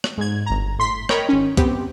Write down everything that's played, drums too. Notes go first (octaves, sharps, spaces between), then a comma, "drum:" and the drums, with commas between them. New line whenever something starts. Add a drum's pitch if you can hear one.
drum: rim click
G#2 G#6
G1 A#5
A2 C6 B6
A#4 C#5 D#5 G5 A#5 B5, drum: rim click
G#1 C#4
B3 C4 G4, drum: kick, hi-hat